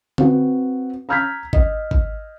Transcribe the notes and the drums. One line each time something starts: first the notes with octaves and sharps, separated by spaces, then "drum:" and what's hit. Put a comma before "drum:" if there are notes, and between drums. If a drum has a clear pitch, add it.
C4 F#4 B4, drum: tom
A#5 E6 F6 G6 G#6 B6
D#5, drum: kick G#1
drum: kick G#1